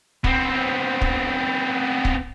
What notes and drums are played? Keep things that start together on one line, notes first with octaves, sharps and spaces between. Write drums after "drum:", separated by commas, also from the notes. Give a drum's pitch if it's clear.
B3 C4, drum: kick
drum: kick
drum: kick